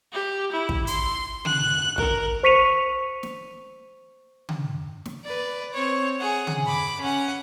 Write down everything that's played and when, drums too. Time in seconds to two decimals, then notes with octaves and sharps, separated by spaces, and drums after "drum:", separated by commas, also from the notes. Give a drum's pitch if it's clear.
0.13 G4
0.52 E4
0.69 drum: kick
0.87 C6, drum: hi-hat
1.45 F#6, drum: tom C#3
1.98 A#4, drum: kick
2.43 C5 C#6 B6 C#7 D#7 F7
3.23 drum: snare
4.49 drum: tom C#3
5.06 drum: snare
5.24 B4 D5
5.74 C4 C#5
6.19 G#4 F#5
6.47 drum: tom C#3
6.66 B5 D6
7.01 C#4 F#5